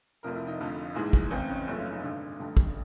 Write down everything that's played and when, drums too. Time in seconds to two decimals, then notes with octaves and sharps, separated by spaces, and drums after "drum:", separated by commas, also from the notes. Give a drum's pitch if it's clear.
0.23 F1 F2 C3 F3 A#4
0.36 E4
0.47 D#4
0.60 F1 F2 D3 F3
0.95 A#1 G#2 E3 G#3
1.13 drum: kick
1.31 F1 E2 C#3 C4
1.50 C#4
1.67 F#1 F#2 C#3 F3 A3 C#4
1.79 C#4
1.91 D#4
2.02 G#1 G2 D3
2.39 F1 F2 D3 G3
2.57 drum: kick